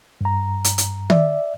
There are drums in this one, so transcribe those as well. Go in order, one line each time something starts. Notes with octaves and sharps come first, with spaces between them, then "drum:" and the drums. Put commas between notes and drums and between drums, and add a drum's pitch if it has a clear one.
G2 A#5
drum: hi-hat
drum: hi-hat
D5 E5, drum: tom D#3